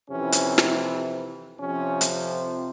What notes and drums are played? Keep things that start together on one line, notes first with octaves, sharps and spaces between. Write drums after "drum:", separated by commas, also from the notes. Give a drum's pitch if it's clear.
F2 C3 E3 C#4
drum: hi-hat
drum: snare
F2 C3 F3 C#4
drum: hi-hat